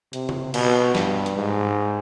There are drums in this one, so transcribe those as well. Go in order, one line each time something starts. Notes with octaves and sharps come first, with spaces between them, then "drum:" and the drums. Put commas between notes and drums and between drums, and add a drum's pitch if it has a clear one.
C3, drum: hi-hat
drum: tom C#3
B2, drum: cymbal
G2, drum: snare
drum: hi-hat
G#2